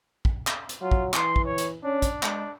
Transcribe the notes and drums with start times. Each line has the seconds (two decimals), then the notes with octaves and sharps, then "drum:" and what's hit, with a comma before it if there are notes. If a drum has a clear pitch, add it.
0.25 drum: kick
0.47 drum: clap
0.69 drum: hi-hat
0.81 F#3 F4
0.91 drum: kick
1.14 E3 C6, drum: clap
1.36 drum: kick
1.45 C#5
1.58 drum: hi-hat
1.83 C#4 D4
2.02 drum: kick, hi-hat
2.23 G#3 D4, drum: clap